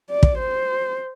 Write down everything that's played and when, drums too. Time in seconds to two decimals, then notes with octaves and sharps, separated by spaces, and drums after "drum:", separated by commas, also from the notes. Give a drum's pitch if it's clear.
0.10 D5
0.23 drum: kick
0.38 C5